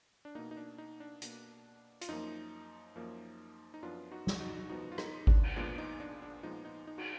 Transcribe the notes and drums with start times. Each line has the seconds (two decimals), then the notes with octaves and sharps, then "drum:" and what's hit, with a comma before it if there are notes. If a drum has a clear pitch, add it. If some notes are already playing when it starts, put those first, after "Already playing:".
0.25 D4
0.35 B2 A#3 D#4
0.51 D#4
0.57 D4
0.78 D#4
1.00 D4
1.22 B2 A#3, drum: hi-hat
2.01 F4, drum: hi-hat
2.09 F#2 F3 A#3 D#4
2.96 F#2 F3 A#3
3.74 D#4
3.83 F#2 F3 B3 D4 F4
4.12 D#4 F#4
4.27 drum: snare
4.40 D#4 F#4
4.69 F#2 F3 B3 D#4 F#4
4.92 F4
4.98 D#4, drum: rim click
5.27 D4, drum: kick G#1
5.43 drum: cymbal
5.56 A#2 F3 G#3 B3 D4
5.78 D#4
6.00 D4
6.22 D4
6.43 A#2 F3 G#3 B3 D#4
6.65 D#4
6.87 D#4
6.98 F#4, drum: cymbal